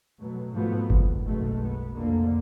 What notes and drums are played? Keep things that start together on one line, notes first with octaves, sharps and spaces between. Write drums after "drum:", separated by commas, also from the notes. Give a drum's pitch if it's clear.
B2 F#3 A3
G#2 F3 F#3 A3 B3
D#2 G#2, drum: kick F#1
F#1 B1 B2 G#3 A3
B3
F1 F2 D3 A#3